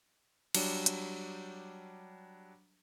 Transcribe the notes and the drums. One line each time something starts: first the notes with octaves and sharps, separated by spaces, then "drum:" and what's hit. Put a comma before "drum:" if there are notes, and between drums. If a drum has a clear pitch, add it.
F#3 G3 D4, drum: cymbal
drum: hi-hat